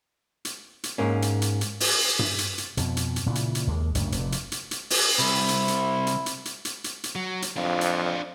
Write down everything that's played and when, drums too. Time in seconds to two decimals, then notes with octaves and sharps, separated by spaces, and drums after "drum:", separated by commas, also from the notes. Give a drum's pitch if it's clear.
0.45 drum: hi-hat
0.83 drum: hi-hat
0.98 G#2 A#3 C#4
1.22 drum: hi-hat
1.42 drum: hi-hat
1.61 drum: hi-hat
1.80 drum: open hi-hat
2.19 drum: tom G2
2.39 drum: hi-hat
2.58 drum: hi-hat
2.77 F2 B2, drum: hi-hat
2.97 drum: hi-hat
3.16 drum: hi-hat
3.26 A#2 C#3 E3
3.35 drum: hi-hat
3.55 drum: hi-hat
3.67 D#2 G#3 A#3
3.95 F#1 D2 C#3, drum: hi-hat
4.12 F1 A#2, drum: hi-hat
4.32 drum: hi-hat
4.52 drum: hi-hat
4.71 drum: hi-hat
4.90 drum: open hi-hat
5.19 C2 E4
5.49 drum: hi-hat
5.68 drum: hi-hat
6.07 drum: hi-hat
6.26 drum: hi-hat
6.45 drum: hi-hat
6.65 drum: hi-hat
6.84 drum: hi-hat
7.04 drum: hi-hat
7.15 F#3
7.42 drum: hi-hat
7.57 F2 D4 F4
7.81 drum: hi-hat